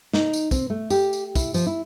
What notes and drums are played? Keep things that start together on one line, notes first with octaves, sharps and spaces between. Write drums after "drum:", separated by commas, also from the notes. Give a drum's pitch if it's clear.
D#4, drum: snare
drum: tambourine
C4, drum: kick, tambourine
A3
G4, drum: tambourine
drum: tambourine
E4, drum: kick, tambourine
F3, drum: tambourine
E4